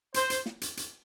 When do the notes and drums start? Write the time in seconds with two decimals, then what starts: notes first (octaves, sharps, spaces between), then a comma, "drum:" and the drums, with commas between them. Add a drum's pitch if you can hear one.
0.14 C5, drum: hi-hat
0.30 drum: hi-hat
0.46 drum: snare
0.61 drum: hi-hat
0.77 drum: hi-hat